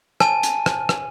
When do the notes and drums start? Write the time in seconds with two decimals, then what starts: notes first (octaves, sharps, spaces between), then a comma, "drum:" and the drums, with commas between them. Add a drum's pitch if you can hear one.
0.20 G#5 A5 D#7, drum: rim click
0.43 drum: hi-hat
0.66 drum: rim click
0.89 drum: rim click